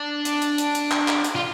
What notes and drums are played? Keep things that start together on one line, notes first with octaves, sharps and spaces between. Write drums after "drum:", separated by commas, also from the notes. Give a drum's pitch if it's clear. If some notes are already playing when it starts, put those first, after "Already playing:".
Already playing: D4
drum: hi-hat
drum: hi-hat
drum: hi-hat
drum: hi-hat
drum: clap
drum: clap
drum: hi-hat
F4